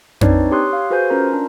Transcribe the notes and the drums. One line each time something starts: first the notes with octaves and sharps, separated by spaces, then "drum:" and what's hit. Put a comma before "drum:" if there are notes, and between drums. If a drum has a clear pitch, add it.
C4 D4 D#4 B4 C#5 D5, drum: tom F2
G4 C#5 C6 D#6 F#6
F5
F#4 G#4 B4 C5 G#5 G6
C#4 F4 A#4 A#5
D4